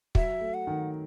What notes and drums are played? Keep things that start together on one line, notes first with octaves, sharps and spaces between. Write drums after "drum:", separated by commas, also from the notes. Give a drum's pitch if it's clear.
F#3 E5, drum: kick
A3
F#5
D#3